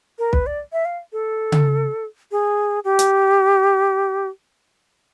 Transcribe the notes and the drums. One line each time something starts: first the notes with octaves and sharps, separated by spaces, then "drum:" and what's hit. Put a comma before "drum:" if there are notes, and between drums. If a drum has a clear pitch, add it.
A#4
B4, drum: kick
D5
E5
F5
A4
drum: tom C#3
G#4
G4
drum: hi-hat